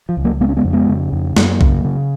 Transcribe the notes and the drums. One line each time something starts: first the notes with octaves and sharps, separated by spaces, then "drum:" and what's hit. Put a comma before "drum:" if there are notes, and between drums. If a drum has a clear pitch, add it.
F3
C#2
F#3 A#3
C#3 G#3 B3
C#4
G#3 B3
F2
G#3 B3
C#3
F2
F#2 F#3 A#3, drum: snare
C#3, drum: kick B1
C#3